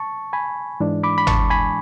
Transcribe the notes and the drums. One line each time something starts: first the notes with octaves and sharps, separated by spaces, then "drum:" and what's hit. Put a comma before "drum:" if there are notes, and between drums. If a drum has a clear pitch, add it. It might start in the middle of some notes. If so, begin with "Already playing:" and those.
Already playing: A5 C#6
G#5 B5
G#2 E3 G#3 D4
B5 D6
B5
A5 C#6, drum: tom
G#5 B5